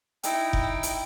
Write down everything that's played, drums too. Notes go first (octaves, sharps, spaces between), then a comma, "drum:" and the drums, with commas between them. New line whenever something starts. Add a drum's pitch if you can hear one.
D#4 E4 G5, drum: hi-hat
drum: kick F1
drum: hi-hat